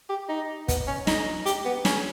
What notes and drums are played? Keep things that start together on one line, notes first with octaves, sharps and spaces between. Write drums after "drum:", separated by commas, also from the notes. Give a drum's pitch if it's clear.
G4
D#4
B3, drum: kick, hi-hat
C#4
D#4, drum: snare
G4, drum: hi-hat
B3
C#4, drum: snare